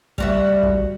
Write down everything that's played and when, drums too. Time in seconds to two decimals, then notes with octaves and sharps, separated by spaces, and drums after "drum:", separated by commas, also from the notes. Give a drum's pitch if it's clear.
0.18 G3 F#4 E5, drum: kick
0.63 drum: kick